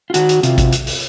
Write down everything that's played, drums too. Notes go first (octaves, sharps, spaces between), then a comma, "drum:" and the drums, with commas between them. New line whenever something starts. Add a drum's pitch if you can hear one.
F4
D#3 F#4, drum: hi-hat
drum: hi-hat
C3 F4, drum: hi-hat
drum: kick A1, hi-hat
drum: hi-hat
drum: open hi-hat